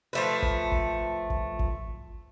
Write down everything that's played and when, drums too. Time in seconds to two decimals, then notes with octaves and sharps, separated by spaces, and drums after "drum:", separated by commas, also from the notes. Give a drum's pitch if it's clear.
0.13 F3 A3 B4
0.42 drum: kick
0.72 drum: kick
1.30 drum: kick
1.59 drum: kick